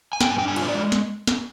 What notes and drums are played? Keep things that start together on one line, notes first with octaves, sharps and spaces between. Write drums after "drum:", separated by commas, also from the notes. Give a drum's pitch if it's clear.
G#5
G2 G5, drum: snare
G#5
D4 G5
G#5
F4, drum: cymbal
C5
D5
G#3
drum: snare
drum: snare